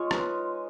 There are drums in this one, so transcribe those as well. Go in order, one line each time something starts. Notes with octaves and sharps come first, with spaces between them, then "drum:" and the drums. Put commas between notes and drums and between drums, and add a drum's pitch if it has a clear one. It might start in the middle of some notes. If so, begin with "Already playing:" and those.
Already playing: G#3 F4 G#4 C#5
D#4 B4, drum: rim click